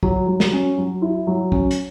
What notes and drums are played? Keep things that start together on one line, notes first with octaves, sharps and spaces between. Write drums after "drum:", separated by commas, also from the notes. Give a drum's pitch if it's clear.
F#3, drum: kick
F#3
drum: snare
C#4
F#3
E4
F#3
C#4, drum: kick
drum: hi-hat